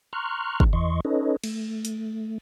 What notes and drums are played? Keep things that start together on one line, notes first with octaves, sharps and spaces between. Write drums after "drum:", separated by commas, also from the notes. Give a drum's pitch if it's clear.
A#5 C6 C#6 F6 F#6
drum: kick
E2 E3 D#5 C6 C#6
C#4 D#4 A4 B4 C#5 D#5
A3, drum: cymbal
drum: hi-hat